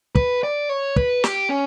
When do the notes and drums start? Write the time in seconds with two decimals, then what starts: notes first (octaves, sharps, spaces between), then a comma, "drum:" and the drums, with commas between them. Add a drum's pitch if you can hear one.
0.15 B4, drum: kick
0.43 D5
0.69 C#5
0.96 B4, drum: kick
1.24 G4, drum: snare
1.50 C#4